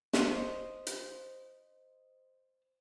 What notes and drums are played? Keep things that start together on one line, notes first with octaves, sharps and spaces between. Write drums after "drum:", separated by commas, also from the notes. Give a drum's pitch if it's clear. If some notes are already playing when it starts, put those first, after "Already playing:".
C5 D#5, drum: snare
drum: hi-hat